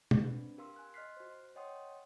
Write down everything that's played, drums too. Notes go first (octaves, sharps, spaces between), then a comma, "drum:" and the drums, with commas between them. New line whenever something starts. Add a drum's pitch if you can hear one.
drum: tom
C4 D4 B4
G4 A#4 F5 C6 E6
G#5 F#6
D#5 C6 F6 F#6 B6 C7
F#4 C5
C#5 D#5 F#5 G5 C6 D#6